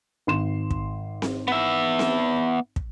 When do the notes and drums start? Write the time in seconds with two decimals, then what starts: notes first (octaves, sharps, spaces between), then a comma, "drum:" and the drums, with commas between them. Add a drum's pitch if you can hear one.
0.27 G#1 C6 E7
0.71 drum: kick
1.22 drum: snare C4
1.48 B3 E5
1.99 drum: snare C4
2.76 drum: kick